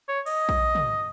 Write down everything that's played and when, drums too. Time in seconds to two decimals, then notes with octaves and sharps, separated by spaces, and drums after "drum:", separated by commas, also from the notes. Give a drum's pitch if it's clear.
0.09 C#5
0.26 D#5, drum: cymbal
0.49 drum: kick A#1
0.75 drum: tom